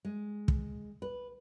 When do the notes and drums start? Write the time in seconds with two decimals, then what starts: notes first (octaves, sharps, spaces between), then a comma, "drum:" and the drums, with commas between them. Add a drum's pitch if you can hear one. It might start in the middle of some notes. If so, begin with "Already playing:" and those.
0.05 G#3
0.48 drum: kick
1.02 B4